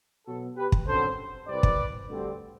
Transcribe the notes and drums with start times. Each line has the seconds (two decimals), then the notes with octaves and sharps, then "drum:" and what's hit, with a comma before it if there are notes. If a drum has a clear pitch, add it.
0.26 B2 F#3 B3 F#4 A4
0.57 G4 B4
0.72 drum: kick
0.87 F#2 D3 F#3 C4 A4 C5
1.48 C2 C3 G3 C4 B4 D5
1.63 drum: kick
2.09 D2 D3 G3 C4